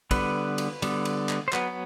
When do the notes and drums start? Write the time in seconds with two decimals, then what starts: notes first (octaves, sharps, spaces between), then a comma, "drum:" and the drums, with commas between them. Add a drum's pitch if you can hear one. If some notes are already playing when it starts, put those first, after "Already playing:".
0.11 D3 G3 B3 B4, drum: kick, cymbal
0.58 drum: cymbal
0.82 D3 G3 B3, drum: cymbal
1.05 drum: cymbal
1.29 drum: clap
1.48 C5
1.53 F#3 B3 B4, drum: clap